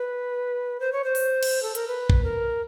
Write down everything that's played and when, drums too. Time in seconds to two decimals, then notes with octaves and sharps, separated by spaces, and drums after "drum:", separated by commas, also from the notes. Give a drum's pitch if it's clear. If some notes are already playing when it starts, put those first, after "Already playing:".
Already playing: B4
0.80 C5
0.93 C#5
1.04 C5
1.15 drum: open hi-hat
1.43 drum: cymbal
1.63 A4
1.75 A#4, drum: hi-hat
1.88 B4
2.10 drum: kick A#1
2.24 A#4